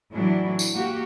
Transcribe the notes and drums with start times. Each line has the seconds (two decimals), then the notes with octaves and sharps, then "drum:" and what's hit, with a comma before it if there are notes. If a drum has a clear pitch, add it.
0.12 A2 E3 F#3 D4 E4
0.59 drum: tambourine
0.72 A#3 F#4 G4